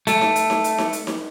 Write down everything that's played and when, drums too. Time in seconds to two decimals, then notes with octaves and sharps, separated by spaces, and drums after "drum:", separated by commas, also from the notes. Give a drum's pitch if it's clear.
0.07 A3, drum: hi-hat
0.21 drum: snare D#4
0.36 drum: hi-hat
0.50 drum: snare D#4
0.64 drum: hi-hat
0.78 drum: snare D#4
0.93 drum: hi-hat
1.07 drum: snare D#4